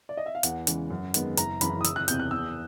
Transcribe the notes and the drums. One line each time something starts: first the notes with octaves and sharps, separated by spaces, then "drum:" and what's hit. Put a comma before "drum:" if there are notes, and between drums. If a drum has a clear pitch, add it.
D5
D#5
E5
F5
E2 F#5, drum: hi-hat
C#3 E3 G#3, drum: hi-hat
F#2
D#3 G#3 B3, drum: hi-hat
F#1 A#5, drum: hi-hat
F#2 C#3 E3 B5, drum: hi-hat
D#6
F#1 E6, drum: hi-hat
F#6
E2 C3 G6, drum: hi-hat
F#6
E2 E6